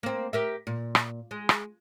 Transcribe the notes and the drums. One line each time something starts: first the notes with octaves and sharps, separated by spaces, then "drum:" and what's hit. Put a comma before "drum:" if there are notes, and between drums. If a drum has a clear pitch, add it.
A#3 C4
G4 A#4 E5
A#2
drum: rim click
G#3
drum: rim click